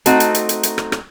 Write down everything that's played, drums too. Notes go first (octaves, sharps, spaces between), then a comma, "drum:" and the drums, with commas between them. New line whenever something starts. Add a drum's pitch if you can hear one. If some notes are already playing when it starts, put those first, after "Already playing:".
A3 C4 D#4 F#4, drum: hi-hat
drum: hi-hat
drum: hi-hat
drum: hi-hat
drum: hi-hat
drum: rim click
drum: rim click